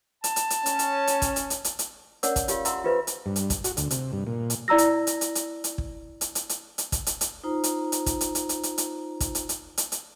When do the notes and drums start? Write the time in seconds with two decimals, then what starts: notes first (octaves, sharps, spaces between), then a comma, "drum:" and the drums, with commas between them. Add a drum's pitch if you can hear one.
0.24 A5, drum: hi-hat
0.36 drum: hi-hat
0.50 drum: hi-hat
0.66 C#4, drum: hi-hat
0.79 drum: hi-hat
1.07 drum: hi-hat
1.22 drum: kick, hi-hat
1.36 drum: hi-hat
1.50 drum: hi-hat
1.64 drum: hi-hat
1.79 drum: hi-hat
2.23 C#4 A#4 C#5 D5 F#5 E6, drum: hi-hat
2.36 drum: kick, hi-hat
2.48 F4 G4 F5, drum: hi-hat
2.65 E5 F#5 A#5 C6 E6, drum: hi-hat
2.84 F4 G4 B4 C5 E5
3.07 drum: hi-hat
3.26 G2
3.36 drum: hi-hat
3.50 drum: kick, hi-hat
3.64 F#4, drum: hi-hat
3.77 D2, drum: hi-hat
3.91 C3, drum: hi-hat
4.13 G2
4.27 A#2
4.50 drum: hi-hat
4.68 E4 D5 A#5 E6 A#6
4.78 drum: hi-hat
5.07 drum: hi-hat
5.21 drum: hi-hat
5.35 drum: hi-hat
5.64 drum: hi-hat
5.78 drum: kick
6.21 drum: hi-hat
6.35 drum: hi-hat
6.49 drum: hi-hat
6.78 drum: hi-hat
6.92 drum: kick, hi-hat
7.06 drum: hi-hat
7.21 drum: hi-hat
7.44 D#4 F4 C5 A#5
7.64 drum: hi-hat
7.92 drum: hi-hat
8.06 drum: kick, hi-hat
8.21 drum: hi-hat
8.35 drum: hi-hat
8.49 drum: hi-hat
8.63 drum: hi-hat
8.78 drum: hi-hat
9.20 drum: kick, hi-hat
9.35 drum: hi-hat
9.49 drum: hi-hat
9.78 drum: hi-hat
9.92 drum: hi-hat